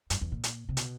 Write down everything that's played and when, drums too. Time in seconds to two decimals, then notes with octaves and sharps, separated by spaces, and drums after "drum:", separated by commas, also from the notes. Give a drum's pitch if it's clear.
0.10 F#2, drum: hi-hat
0.21 E2
0.32 A#2
0.44 drum: hi-hat
0.69 C3
0.77 B2, drum: hi-hat